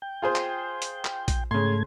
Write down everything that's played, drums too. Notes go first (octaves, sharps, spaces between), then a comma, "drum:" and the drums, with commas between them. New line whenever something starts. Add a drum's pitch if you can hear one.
G5
F4 G#4 C5
drum: clap
drum: hi-hat
drum: clap
drum: kick A#1, hi-hat
G#2 C#3 A3 C6 G#6